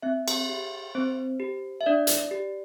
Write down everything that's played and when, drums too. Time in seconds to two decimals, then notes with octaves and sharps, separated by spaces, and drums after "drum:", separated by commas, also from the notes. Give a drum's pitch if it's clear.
0.02 C4 E5
0.28 drum: cymbal
0.49 G4
0.95 C4 C5
1.40 G4
1.81 E5
1.86 D4 D5
2.07 drum: hi-hat
2.31 G4